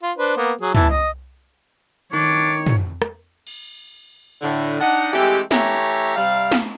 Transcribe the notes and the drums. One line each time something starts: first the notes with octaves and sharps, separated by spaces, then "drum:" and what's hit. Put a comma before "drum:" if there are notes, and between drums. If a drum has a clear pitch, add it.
F4
D4 B4 C5
A#3 B3
F#3 G#4
E3 E4 A5, drum: tom
D#5
D#3 D4 C#5 D6
drum: tom
drum: rim click
drum: cymbal
A2 D3
D4 D#4 F#5
E3 G#3 A3 C4 G4
E3 A3 G4 C#5 E5 A#5, drum: snare
C3 G3 F5
drum: snare